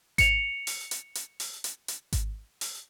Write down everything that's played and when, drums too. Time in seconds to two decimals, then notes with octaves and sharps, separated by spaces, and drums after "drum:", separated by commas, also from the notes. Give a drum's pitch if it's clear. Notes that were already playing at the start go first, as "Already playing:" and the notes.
0.18 C#7 F7, drum: kick G#1, hi-hat
0.67 drum: open hi-hat
0.91 drum: hi-hat
1.15 drum: hi-hat
1.40 drum: open hi-hat
1.64 drum: hi-hat
1.88 drum: hi-hat
2.13 drum: kick G#1, hi-hat
2.61 drum: open hi-hat